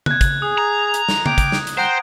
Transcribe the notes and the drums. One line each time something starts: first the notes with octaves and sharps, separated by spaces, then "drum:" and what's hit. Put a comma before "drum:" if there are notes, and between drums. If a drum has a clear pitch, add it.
F#6 G#6, drum: tom C#3
drum: kick, hi-hat
G#4 D#6
A#5
drum: hi-hat
drum: snare
G5 D6, drum: tom C#3
drum: kick, hi-hat
drum: snare
drum: hi-hat
C5 F#5 G5 A#5